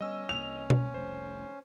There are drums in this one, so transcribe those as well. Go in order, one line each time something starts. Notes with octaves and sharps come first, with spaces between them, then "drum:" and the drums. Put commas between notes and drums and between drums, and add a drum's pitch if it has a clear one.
G3 B3 C#4 D#5 E6
C2 A#3 F7
drum: tom B2
F1 C2 A3 C5